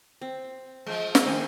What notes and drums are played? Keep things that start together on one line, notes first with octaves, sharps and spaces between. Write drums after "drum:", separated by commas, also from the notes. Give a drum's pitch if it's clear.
C4
F3 G#3
drum: snare
D#3 C5 D#5 G#5